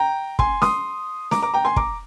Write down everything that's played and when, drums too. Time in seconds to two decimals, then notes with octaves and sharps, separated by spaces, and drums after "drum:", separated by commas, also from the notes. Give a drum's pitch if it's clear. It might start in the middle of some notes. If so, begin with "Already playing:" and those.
Already playing: G5 A#5
0.39 G#5 C6, drum: kick
0.62 C6 D#6, drum: snare
1.31 A#5 D6, drum: snare
1.42 A#5 D6
1.54 G5 A#5
1.65 G#5 C6
1.76 A#5 D6, drum: kick